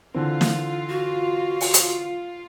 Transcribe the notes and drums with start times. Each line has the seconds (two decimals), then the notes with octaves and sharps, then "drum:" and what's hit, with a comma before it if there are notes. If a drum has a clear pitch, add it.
0.14 D3 E3 C4 F4
0.41 drum: snare
0.89 F#4
1.61 drum: open hi-hat
1.74 drum: hi-hat